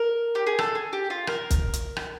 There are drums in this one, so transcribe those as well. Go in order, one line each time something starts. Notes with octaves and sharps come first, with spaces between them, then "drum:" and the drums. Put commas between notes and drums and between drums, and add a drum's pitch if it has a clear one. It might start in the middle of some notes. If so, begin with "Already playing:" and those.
Already playing: A#4
G4
G#4
A4, drum: rim click
G#4
G4
F4
A#4, drum: rim click
drum: kick, hi-hat
drum: hi-hat
drum: rim click